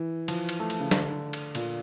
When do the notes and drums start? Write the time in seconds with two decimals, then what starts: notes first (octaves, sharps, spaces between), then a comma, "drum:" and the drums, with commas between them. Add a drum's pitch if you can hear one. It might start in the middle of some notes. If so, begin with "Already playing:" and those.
Already playing: E3
0.28 F3, drum: cymbal
0.49 drum: cymbal
0.60 A3
0.70 drum: cymbal
0.80 C#3
0.91 D3, drum: snare
1.33 drum: cymbal
1.55 A#2, drum: cymbal